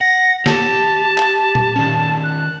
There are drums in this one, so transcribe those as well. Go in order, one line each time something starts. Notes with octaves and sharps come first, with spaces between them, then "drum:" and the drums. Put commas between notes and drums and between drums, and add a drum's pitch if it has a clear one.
F#5 A#6
G4 A5, drum: snare
drum: clap
drum: tom A#2
D#3 C#4
F#6